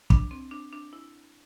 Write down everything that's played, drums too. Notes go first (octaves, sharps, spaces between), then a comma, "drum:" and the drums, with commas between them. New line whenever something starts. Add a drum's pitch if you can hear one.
D4, drum: kick
C4
D4
D4
E4